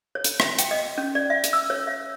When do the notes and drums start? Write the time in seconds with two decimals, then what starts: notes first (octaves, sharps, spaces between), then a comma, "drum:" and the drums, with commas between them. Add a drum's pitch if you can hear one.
0.15 C#5
0.24 drum: hi-hat
0.40 E5, drum: rim click
0.59 G5, drum: hi-hat
0.71 D#5
0.98 C#4
1.15 D5
1.30 E5
1.44 drum: hi-hat
1.53 E6
1.70 C#5
1.87 E5